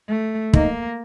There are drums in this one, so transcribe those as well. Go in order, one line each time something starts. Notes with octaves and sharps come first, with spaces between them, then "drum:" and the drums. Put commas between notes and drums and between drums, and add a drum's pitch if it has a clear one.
A3
A#3 D#4, drum: kick